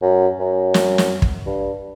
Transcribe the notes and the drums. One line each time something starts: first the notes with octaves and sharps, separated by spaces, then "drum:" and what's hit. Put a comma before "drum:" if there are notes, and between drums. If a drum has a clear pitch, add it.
F#2
F#2
drum: snare
drum: snare
drum: kick
G2